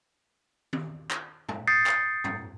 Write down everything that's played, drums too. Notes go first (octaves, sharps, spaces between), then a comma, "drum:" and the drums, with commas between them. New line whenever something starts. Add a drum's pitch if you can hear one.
drum: tom D#3
drum: clap
drum: tom G#2
D#6 G6 A6 C7 C#7
drum: clap
drum: tom G#2